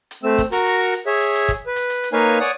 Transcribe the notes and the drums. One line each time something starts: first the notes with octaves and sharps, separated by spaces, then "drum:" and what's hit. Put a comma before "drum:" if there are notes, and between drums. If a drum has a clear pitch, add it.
drum: hi-hat
A3 C4 E6
drum: kick, hi-hat
F#4 A#4 A#5 C#6, drum: hi-hat
drum: hi-hat
drum: hi-hat
G#4 C#5 E5
drum: hi-hat
drum: hi-hat
drum: kick, hi-hat
B4
drum: hi-hat
drum: hi-hat
drum: hi-hat
A#3 D#4 B4 C#5 F5 G#5
C#5 D5 F#5 D#6